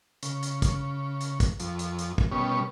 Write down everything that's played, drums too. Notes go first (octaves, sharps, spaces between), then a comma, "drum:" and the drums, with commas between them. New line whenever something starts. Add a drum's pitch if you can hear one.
C#3, drum: hi-hat
drum: hi-hat
drum: kick, hi-hat
drum: hi-hat
drum: kick, hi-hat
F2, drum: hi-hat
drum: hi-hat
drum: hi-hat
drum: kick
B2 G3 C#4